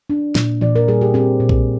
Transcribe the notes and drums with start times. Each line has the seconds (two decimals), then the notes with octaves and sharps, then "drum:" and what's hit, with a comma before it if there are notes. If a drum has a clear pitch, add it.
0.10 D4
0.35 A#2, drum: snare
0.61 A#2 D5, drum: tom E3
0.76 A#4
0.88 G3 G#4
1.01 G4
1.14 C4 G4
1.40 A#2
1.49 drum: kick A#1